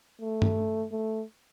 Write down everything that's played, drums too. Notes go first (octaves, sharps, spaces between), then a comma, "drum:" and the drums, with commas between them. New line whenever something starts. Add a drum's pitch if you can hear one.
A3
drum: tom G2
A3